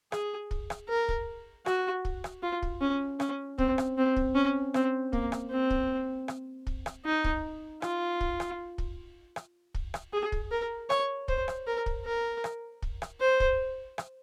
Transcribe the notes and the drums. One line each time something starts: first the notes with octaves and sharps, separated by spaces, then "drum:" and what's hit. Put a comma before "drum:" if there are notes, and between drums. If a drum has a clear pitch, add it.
G#4, drum: rim click
drum: kick
drum: rim click
A#4
drum: kick
F#4, drum: rim click
drum: kick
drum: rim click
F4
drum: kick
C#4
C#4, drum: rim click
C4, drum: kick
drum: rim click
C4
drum: kick
C#4
C4, drum: rim click
A#3, drum: kick
drum: rim click
C4
drum: kick
drum: rim click
drum: kick
drum: rim click
D#4
drum: kick
F4, drum: rim click
drum: kick
drum: rim click
drum: kick
drum: rim click
drum: kick
drum: rim click
G#4
drum: kick
A#4
C#5, drum: rim click
C5, drum: kick
drum: rim click
A#4
drum: kick
A#4
drum: rim click
drum: kick
drum: rim click
C5
drum: kick
drum: rim click